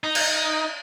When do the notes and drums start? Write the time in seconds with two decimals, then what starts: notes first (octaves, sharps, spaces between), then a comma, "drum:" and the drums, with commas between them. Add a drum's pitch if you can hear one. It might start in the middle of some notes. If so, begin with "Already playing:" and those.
0.04 D#4
0.15 drum: cymbal